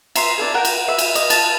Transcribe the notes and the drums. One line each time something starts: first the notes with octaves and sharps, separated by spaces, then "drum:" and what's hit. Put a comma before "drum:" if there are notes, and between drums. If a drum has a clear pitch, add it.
E5 A#5 C6, drum: cymbal
D4 E4 G#4
A#4 F#5 G5
drum: cymbal
E5
drum: cymbal
D#5, drum: cymbal
A5, drum: cymbal